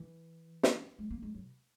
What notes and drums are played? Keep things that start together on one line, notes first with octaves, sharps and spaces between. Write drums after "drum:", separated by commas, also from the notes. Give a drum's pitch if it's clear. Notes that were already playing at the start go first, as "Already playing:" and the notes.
Already playing: E3
drum: snare
G#3
A#3
G#3
F#3
B2